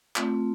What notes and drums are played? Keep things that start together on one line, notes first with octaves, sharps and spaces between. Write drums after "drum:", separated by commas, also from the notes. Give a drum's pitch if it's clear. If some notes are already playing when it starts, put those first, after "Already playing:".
A3 C4 F4, drum: clap